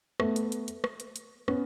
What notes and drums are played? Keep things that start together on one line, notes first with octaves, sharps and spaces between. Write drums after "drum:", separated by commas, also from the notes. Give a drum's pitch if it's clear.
A3 B3, drum: rim click
drum: hi-hat
drum: hi-hat
drum: hi-hat
drum: rim click
drum: hi-hat
drum: hi-hat
B3 C#4, drum: rim click